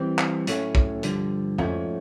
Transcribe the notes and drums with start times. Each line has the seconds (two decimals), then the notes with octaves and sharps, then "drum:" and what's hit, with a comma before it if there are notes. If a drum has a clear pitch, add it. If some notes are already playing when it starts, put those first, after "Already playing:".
Already playing: E3 G3 C4
0.18 drum: clap
0.47 A2 F#3 A3 C#4, drum: hi-hat
0.75 drum: kick
1.03 G2 D3 F3, drum: hi-hat
1.58 G#2 F3 A3 C#4 F#4, drum: tom